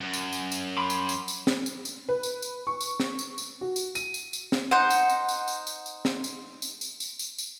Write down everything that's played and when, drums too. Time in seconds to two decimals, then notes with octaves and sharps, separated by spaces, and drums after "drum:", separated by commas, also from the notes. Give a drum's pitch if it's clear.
0.01 F#2
0.13 drum: tambourine
0.33 drum: tambourine
0.52 drum: tambourine
0.77 B5 C6 D6
0.90 drum: tambourine
1.09 drum: tambourine
1.28 drum: tambourine
1.47 drum: snare
1.66 drum: tambourine
1.85 drum: tambourine
2.09 B4
2.23 drum: tambourine
2.42 drum: tambourine
2.67 C#6
2.81 drum: tambourine
3.00 drum: snare
3.19 drum: tambourine
3.38 drum: tambourine
3.61 F#4
3.76 drum: tambourine
3.95 D#7, drum: tambourine
4.14 drum: tambourine
4.33 drum: tambourine
4.52 drum: snare
4.71 D#4 C5 F#5
4.90 drum: tambourine
5.09 drum: tambourine
5.29 drum: tambourine
5.48 drum: tambourine
5.67 drum: tambourine
5.86 drum: tambourine
6.05 drum: snare
6.24 drum: tambourine
6.62 drum: tambourine
6.81 drum: tambourine
7.00 drum: tambourine
7.19 drum: tambourine
7.38 drum: tambourine